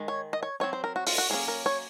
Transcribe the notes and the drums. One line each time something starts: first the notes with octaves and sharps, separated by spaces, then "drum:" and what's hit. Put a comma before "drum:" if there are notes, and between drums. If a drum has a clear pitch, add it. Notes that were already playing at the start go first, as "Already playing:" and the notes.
Already playing: D#3 G#3
C#5
D#5
C#5
F#3 C4 D#4 C#5
C5
A#4
F#4
F4, drum: open hi-hat
F#4
F#3 A#3 C#4 G#4
A#4
C#5